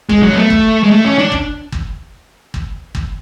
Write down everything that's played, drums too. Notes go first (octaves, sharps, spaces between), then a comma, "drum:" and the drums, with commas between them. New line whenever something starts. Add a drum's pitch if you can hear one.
G#3, drum: kick G1
F#3
B3
A3
drum: kick G1
G#3
A3
C#4
D4
drum: kick G1
drum: kick G1
drum: kick G1
drum: kick G1